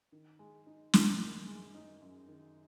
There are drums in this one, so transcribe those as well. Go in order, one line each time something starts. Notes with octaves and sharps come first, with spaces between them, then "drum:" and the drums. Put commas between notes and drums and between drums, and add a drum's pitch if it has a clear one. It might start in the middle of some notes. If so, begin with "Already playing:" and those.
D#3
G#3
D#4
F#2, drum: snare
D#3
G#3
D#4
F#2
D#3